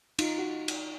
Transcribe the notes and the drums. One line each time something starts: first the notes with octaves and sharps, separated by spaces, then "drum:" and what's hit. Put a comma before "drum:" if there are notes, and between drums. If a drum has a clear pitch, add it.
D#4 F4, drum: cymbal
F#4
drum: cymbal